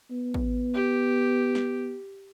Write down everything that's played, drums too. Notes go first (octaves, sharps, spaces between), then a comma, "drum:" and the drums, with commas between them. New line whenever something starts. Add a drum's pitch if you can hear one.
B3
drum: kick
G4
drum: snare